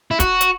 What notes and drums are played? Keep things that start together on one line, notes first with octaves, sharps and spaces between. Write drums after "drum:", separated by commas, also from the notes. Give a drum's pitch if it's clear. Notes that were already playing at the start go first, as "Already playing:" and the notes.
E4
F#4, drum: kick, hi-hat
drum: hi-hat